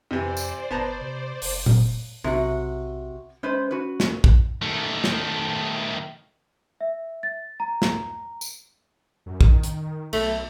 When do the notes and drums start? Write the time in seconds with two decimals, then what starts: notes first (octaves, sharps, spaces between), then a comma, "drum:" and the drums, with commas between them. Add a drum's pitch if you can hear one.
0.11 F2 C3 E3 C5 D5
0.37 drum: tambourine
0.70 G1 B3 A5 A#5
1.01 C3
1.42 F#1, drum: open hi-hat
1.66 drum: tom A#2
2.24 B1 C3 F#4
3.43 G#3 C#4 B4 C5
3.71 F#4 B4
4.00 drum: snare
4.24 drum: kick A#1
4.62 D#3 A3
5.04 drum: snare
6.81 E5
7.23 A6
7.60 A#5
7.82 drum: snare
8.41 drum: tambourine
9.26 F#2
9.41 D#3, drum: kick A#1
9.64 drum: hi-hat
10.13 B1 A3, drum: cymbal